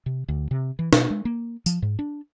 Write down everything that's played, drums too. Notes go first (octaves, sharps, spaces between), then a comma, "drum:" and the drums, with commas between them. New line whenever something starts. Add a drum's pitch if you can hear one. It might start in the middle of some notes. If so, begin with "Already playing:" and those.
C3
D2
C3
E3
B2, drum: snare
G#3
A#3
F3, drum: tambourine
G#2
D4